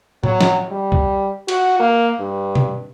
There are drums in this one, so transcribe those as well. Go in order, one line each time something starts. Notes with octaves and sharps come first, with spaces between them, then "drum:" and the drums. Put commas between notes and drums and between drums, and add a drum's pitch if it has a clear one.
F#3, drum: tom A2
drum: snare
G3
drum: kick C2
F#4, drum: cymbal
A#3
G2
drum: tom B2